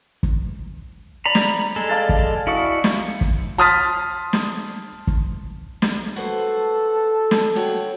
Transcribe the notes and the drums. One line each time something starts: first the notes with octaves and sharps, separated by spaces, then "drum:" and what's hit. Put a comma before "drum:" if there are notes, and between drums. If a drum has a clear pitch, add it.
drum: kick
D5 A#5 B5
drum: snare
G#3 A4
D5 F5 A5
drum: kick
E4 F#4 D5 D#5 F5
drum: snare
drum: kick
A5 C6 D#6 F6 A6 B6
drum: snare
drum: kick
drum: snare
F#4 A4 B4 C5
drum: snare
F#4 C#5 G5